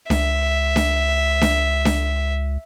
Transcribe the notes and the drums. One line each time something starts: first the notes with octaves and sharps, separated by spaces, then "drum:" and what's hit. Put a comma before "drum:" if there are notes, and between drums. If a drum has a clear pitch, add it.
C#2 E5, drum: snare D4
drum: snare D4
drum: snare D4
drum: snare D4